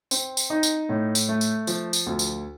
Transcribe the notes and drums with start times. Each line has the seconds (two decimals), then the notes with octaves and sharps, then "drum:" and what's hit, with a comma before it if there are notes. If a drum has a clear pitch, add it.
0.11 C4, drum: tambourine
0.37 drum: tambourine
0.50 D#4
0.63 drum: tambourine
0.89 A2
1.15 drum: tambourine
1.29 A3
1.41 drum: tambourine
1.67 F3, drum: tambourine
1.93 drum: tambourine
2.06 D2
2.19 drum: tambourine